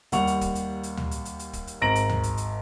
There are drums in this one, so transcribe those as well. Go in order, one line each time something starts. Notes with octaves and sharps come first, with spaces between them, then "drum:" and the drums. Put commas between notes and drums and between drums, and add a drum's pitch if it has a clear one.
D#2 G3 F#5 C#6 F7, drum: hi-hat
drum: hi-hat
drum: kick, hi-hat
drum: hi-hat
drum: hi-hat
drum: tom D2
drum: hi-hat
drum: hi-hat
drum: hi-hat
drum: kick, hi-hat
drum: hi-hat
G#1 A#5 A#6 D7 F#7
drum: hi-hat
drum: tom D2
drum: hi-hat
drum: hi-hat